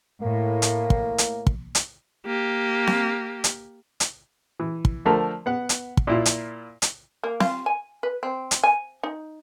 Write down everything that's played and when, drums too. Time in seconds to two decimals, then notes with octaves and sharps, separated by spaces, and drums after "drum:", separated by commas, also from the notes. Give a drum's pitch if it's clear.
0.22 A2 A#3
0.62 drum: hi-hat
0.90 drum: kick
1.18 drum: hi-hat
1.47 drum: kick
1.75 drum: hi-hat
2.26 A#3 G4
2.87 drum: snare C4
3.44 drum: hi-hat
4.00 drum: hi-hat
4.60 E3
4.85 drum: kick
5.05 D3 F3 A3 A#4
5.46 B3 F#5
5.69 drum: hi-hat
5.97 drum: kick
6.07 A#2 E4 F4
6.26 drum: hi-hat
6.82 drum: hi-hat
7.23 A#3
7.40 F4, drum: snare C4
7.66 G#5
8.03 B4
8.23 C4
8.51 drum: hi-hat
8.63 G#5
9.03 D#4